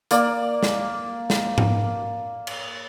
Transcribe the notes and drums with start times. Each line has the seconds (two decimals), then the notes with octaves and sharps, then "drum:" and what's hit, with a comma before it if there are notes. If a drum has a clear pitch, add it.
0.11 A#3 D5, drum: hi-hat
0.63 drum: snare
1.30 drum: snare
1.58 drum: tom G#2
2.47 drum: cymbal